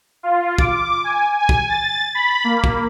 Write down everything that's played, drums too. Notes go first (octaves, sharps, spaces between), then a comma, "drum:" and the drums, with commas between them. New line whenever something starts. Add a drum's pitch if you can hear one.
F4
D6, drum: kick
G#5
G#5
drum: kick
A6
B5
A#3
drum: kick